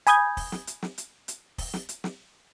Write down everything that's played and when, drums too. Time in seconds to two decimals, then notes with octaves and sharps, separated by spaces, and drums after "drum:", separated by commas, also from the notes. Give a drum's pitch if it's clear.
0.07 G#5 B5 D#6 G6 G#6, drum: hi-hat
0.37 drum: kick, open hi-hat
0.52 drum: snare
0.67 drum: hi-hat
0.82 drum: snare
0.98 drum: hi-hat
1.28 drum: hi-hat
1.58 drum: kick, open hi-hat
1.73 drum: snare
1.89 drum: hi-hat
2.04 drum: snare